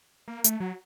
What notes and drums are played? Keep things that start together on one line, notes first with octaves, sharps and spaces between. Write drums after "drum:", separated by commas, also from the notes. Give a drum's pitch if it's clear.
A#3
A3, drum: hi-hat
F#3